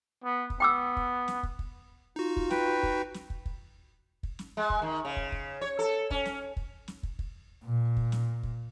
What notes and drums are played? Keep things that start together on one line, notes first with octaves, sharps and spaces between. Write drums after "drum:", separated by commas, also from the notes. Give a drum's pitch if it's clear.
B3
drum: kick
B3 G5 D6 E6
drum: kick
drum: snare
drum: kick
drum: kick
D#4 F4 F#4
drum: kick
B4 G5, drum: snare
drum: kick
drum: snare
drum: kick
drum: kick
drum: kick
drum: snare
G#3
drum: kick
D#3
C#3
drum: kick
drum: kick
C#5
A4
C#4, drum: kick
drum: snare
drum: kick
drum: snare
drum: kick
drum: kick
A#2
drum: kick
drum: snare
drum: kick